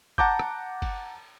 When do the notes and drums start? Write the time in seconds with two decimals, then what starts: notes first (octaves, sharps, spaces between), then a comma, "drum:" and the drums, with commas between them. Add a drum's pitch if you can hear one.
0.18 F#5 A5 A#5 D6 G6, drum: kick G1
0.39 drum: rim click
0.82 drum: kick G1, cymbal